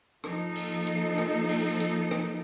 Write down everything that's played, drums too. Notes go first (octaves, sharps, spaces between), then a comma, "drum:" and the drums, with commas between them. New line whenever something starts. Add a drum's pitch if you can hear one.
F3 A#3 D#4 A4, drum: rim click
drum: open hi-hat
drum: hi-hat
drum: rim click
drum: open hi-hat
drum: hi-hat
drum: rim click